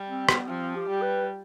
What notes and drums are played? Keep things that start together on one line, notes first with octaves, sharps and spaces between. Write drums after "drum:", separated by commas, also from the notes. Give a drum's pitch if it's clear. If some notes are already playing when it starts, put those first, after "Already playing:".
Already playing: G3
C4
B3, drum: rim click
F3 C4
G4
G3
B4